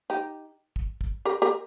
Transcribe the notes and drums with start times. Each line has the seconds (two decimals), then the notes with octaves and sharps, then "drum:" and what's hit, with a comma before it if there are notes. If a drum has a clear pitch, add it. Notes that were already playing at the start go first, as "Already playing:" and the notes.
0.10 D#4 G4
0.76 drum: kick
1.01 drum: kick
1.25 G4 A#4
1.42 G4 A#4